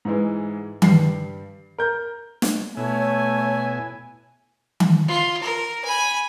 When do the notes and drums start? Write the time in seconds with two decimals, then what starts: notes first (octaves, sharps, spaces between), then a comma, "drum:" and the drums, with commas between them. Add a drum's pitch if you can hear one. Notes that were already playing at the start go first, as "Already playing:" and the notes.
0.05 G#2 E3 G#3
0.82 G2 G3 C7, drum: tom D#3
1.79 A#4 G6
2.42 drum: snare
2.77 B2 A3 E4 C#5 G#5
4.80 drum: tom D#3
5.08 F4
5.42 A#4
5.84 G#5 B5